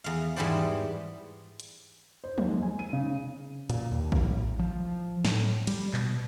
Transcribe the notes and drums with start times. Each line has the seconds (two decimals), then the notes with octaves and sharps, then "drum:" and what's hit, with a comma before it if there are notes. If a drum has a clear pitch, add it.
0.04 E2 F5
0.36 G#2 E3 G3 B3 C5 D5
1.60 drum: hi-hat
2.24 C5
2.38 D#2, drum: tom F3
2.49 G#3
2.62 G#5
2.79 D#7
2.93 C#3
3.70 A#2, drum: hi-hat
3.91 D#2
4.12 A1, drum: kick
4.59 F3
5.25 A2, drum: snare
5.67 G3, drum: cymbal
5.94 B2, drum: clap